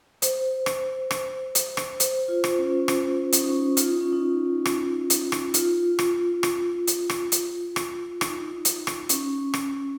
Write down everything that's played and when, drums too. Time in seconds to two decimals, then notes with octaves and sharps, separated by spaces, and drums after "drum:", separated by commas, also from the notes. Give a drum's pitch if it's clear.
0.22 C5, drum: hi-hat
0.66 drum: rim click
1.11 drum: rim click
1.55 drum: hi-hat
1.77 drum: rim click
2.00 C5, drum: hi-hat
2.28 F4
2.44 drum: rim click
2.59 C#4
2.88 drum: rim click
3.32 C#4, drum: hi-hat
3.41 D#4
3.49 C#4
3.77 F4, drum: hi-hat
3.89 D#4
4.01 C#4
4.12 D#4
4.65 drum: rim click
5.10 drum: hi-hat
5.32 drum: rim click
5.54 F4, drum: hi-hat
5.99 drum: rim click
6.43 drum: rim click
6.87 drum: hi-hat
7.10 drum: rim click
7.32 drum: hi-hat
7.76 drum: rim click
8.21 D#4, drum: rim click
8.65 drum: hi-hat
8.87 drum: rim click
9.09 C#4, drum: hi-hat
9.54 drum: rim click